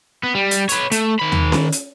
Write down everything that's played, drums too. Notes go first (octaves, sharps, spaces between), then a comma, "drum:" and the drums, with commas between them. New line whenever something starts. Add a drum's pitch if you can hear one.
B3
G3
drum: hi-hat
B4 C#5, drum: hi-hat
A3, drum: hi-hat
D#3 B5
drum: tom D#2
drum: snare C#4
drum: hi-hat